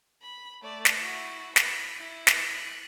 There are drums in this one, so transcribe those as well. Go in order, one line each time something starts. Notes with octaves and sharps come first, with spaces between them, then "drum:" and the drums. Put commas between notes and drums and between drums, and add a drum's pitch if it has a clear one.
B5
A3 D5
drum: snare
E4 F#4
B5, drum: snare
E4
drum: snare
F#6